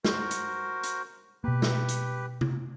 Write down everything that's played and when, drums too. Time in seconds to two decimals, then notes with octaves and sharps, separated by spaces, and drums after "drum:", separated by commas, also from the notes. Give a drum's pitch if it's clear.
0.05 F#4 A#4 C5, drum: snare
0.31 drum: hi-hat
0.83 drum: hi-hat
1.44 B2 A#3 G4 B4
1.62 drum: snare
1.89 drum: hi-hat
2.41 drum: tom C3